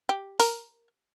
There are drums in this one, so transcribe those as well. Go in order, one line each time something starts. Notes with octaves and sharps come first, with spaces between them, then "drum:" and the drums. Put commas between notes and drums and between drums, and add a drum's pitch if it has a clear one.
G4
A#4, drum: open hi-hat